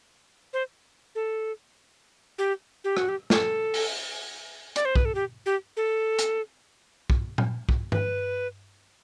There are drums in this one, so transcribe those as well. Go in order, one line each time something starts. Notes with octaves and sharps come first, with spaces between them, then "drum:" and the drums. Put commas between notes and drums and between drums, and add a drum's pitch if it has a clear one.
C5
A4
G4
G4
F#4, drum: rim click
G4
A4, drum: snare
drum: open hi-hat
D5, drum: hi-hat
C5
B4, drum: kick
A4
G4
G4
A4
drum: hi-hat
drum: kick
drum: tom A#2
drum: kick
B4, drum: tom G2